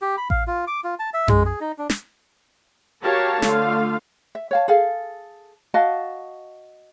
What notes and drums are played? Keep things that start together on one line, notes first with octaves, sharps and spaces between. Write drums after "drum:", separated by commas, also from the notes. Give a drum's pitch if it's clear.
G4
B5
F5, drum: kick A1
F4
D6
F4
A5
E5
G#3, drum: tom F#2
G#4
D#4
D4
drum: snare
F#4 G4 A#4 C#5 F5 A5
D3 A3 F4 F5, drum: snare
E5
C#5 F5 A5
G#4 A4 F5
F#4 D#5 F5 A5